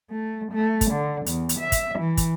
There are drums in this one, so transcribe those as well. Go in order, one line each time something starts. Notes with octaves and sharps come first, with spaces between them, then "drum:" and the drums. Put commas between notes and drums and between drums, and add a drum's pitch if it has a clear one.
A3
A3
drum: kick, hi-hat
D3
E2, drum: hi-hat
drum: hi-hat
E5
drum: kick, hi-hat
E3
drum: kick, hi-hat